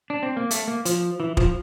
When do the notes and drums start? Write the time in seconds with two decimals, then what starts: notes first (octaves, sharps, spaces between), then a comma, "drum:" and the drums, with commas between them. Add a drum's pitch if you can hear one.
0.10 D4
0.23 C4
0.37 A#3
0.51 A3, drum: hi-hat
0.68 A#3
0.85 F3, drum: hi-hat
1.20 E3
1.37 F3, drum: kick